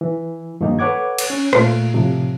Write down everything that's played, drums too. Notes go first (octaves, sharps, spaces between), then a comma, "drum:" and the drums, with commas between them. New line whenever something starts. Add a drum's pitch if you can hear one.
E3
G2 D#3 F3 A#3 D#4
A4 B4 C#5 F#5 D6 G#6
drum: cymbal
C#4
A#2 A3 F4, drum: rim click
A2 C3 F3